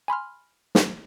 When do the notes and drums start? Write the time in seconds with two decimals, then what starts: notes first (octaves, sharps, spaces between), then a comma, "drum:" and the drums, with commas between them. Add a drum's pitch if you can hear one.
0.08 G#5 B5 C6 F6
0.75 drum: snare